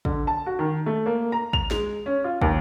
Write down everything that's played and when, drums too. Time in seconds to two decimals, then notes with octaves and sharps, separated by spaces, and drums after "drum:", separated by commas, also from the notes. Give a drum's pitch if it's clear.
0.05 D3, drum: kick
0.27 A5
0.46 F#4
0.59 D#3
0.86 A3
1.06 A#3
1.32 A#5
1.53 F7, drum: kick
1.71 G#3, drum: snare
2.06 C#4
2.24 F4
2.42 D#2, drum: kick